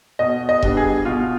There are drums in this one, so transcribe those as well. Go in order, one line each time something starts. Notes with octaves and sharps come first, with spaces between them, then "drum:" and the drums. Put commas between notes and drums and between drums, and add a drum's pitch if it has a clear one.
B2 D#5
D#5
G3 B3 D4, drum: kick E1
G#4
B2 F4